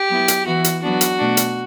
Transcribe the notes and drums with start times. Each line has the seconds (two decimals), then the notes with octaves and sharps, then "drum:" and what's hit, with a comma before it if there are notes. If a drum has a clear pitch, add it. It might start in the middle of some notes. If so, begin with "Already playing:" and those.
Already playing: G4
0.10 F#3 B3 E4
0.28 drum: hi-hat
0.46 E3 B3 E4 F#4
0.64 drum: hi-hat
0.82 F#3 B3 D4 F#4
1.01 drum: hi-hat
1.19 B2 A3 D4
1.37 drum: hi-hat